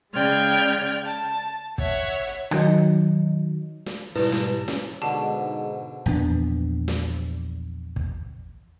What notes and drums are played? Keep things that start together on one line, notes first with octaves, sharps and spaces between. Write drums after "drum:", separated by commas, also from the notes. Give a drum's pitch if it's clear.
C#3 G#3 D5 G5 F6 G#6
A5
C#5 E5 F#5, drum: kick
drum: hi-hat
D#3 F#3 D#4, drum: rim click
drum: snare
G#2 B2 G3 E4 B4, drum: open hi-hat
drum: snare
C#4, drum: snare
G#2 B2 D3 A5
A#1 E2 B3 D4
drum: snare
drum: kick